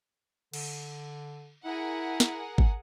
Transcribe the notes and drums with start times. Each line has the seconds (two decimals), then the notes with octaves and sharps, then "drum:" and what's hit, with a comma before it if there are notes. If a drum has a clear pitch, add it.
0.53 D3, drum: cymbal
1.65 E4 G#4 A#4 F#5
2.20 drum: snare
2.58 drum: kick G#1